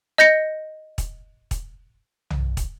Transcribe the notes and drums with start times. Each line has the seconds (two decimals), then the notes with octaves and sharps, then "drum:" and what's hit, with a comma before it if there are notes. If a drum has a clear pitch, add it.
0.18 D#5 G6 A#6 C#7
0.98 drum: kick, hi-hat
1.51 drum: kick, hi-hat
2.30 drum: tom
2.57 drum: kick, hi-hat